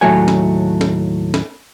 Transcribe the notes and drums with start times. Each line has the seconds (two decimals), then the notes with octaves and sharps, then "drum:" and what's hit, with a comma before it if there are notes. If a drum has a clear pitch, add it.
0.01 D#2 A2 F#3 A3 C#5 G#5
0.28 drum: snare
0.81 drum: snare
1.34 drum: snare